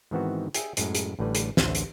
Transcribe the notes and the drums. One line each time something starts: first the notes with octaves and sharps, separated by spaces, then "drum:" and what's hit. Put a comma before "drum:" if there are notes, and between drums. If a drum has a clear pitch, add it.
G#2 D#3 E3 B3 C4 F#4
G#4 E5 G5 G#5, drum: hi-hat
F#2 A2 G#3, drum: hi-hat
drum: hi-hat
A1 A2 D3 G3 B4
drum: hi-hat
A1 D2 C5 E5, drum: snare
drum: hi-hat